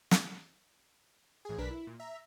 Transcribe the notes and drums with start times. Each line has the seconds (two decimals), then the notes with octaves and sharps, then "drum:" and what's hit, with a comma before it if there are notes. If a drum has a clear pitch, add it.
0.11 drum: snare
1.45 A1 G#4
1.58 B1 D4 A#4 B4 B6
1.70 E4
1.87 A#2
2.00 E5 A#5